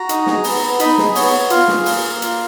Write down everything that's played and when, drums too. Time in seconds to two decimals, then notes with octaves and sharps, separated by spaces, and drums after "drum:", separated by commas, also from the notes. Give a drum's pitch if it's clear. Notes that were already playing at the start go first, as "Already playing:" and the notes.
Already playing: F#4 A#5
0.09 D#4, drum: hi-hat
0.26 G#4, drum: snare
0.44 B3, drum: open hi-hat
0.62 B3
0.80 D#4 B5, drum: hi-hat
0.98 G#4, drum: snare
1.15 B3 C#5, drum: open hi-hat
1.33 B3
1.50 F4 F5, drum: hi-hat
1.68 G#4, drum: snare
1.86 A#3, drum: open hi-hat
2.04 A#3
2.22 F4, drum: hi-hat